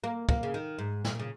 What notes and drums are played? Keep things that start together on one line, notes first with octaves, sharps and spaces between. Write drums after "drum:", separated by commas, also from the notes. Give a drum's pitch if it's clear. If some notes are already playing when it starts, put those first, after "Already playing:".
A#3
A#3, drum: kick
C#3
D#3
G#2
A#2, drum: snare
C#3